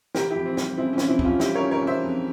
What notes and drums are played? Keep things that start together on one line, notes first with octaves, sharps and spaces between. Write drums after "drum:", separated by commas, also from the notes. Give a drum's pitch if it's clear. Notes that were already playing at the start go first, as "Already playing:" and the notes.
E3 G4 A#4, drum: snare
E4 G4
F2
C4
G3, drum: snare
C#3 C4 E4
C#4
E3, drum: snare
C4 E4
F2, drum: kick
C#4 F4
G3 E4 G4, drum: snare
A#4 C#5
C#3
A#4 C#5
E3 C5 E5
F2